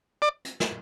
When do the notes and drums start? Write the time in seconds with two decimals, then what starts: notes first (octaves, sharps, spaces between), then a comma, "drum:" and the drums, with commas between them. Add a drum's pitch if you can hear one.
0.22 D5
0.45 drum: hi-hat
0.60 drum: snare